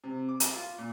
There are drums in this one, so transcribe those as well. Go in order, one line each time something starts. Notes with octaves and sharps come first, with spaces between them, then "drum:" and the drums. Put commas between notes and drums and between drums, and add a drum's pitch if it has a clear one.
C3
D6
drum: hi-hat
F4
A#2